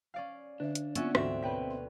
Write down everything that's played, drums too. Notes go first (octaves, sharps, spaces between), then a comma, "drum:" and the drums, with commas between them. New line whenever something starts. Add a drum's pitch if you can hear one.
C#4 D5 F5
D3 D4 E5
drum: hi-hat
A#3 B3 C#4 F4 D5 E5 F#5, drum: hi-hat
D2 G#2 E3 C4 F#4 E5 C#6, drum: rim click
B2 B4 C#5 G5 B6
C6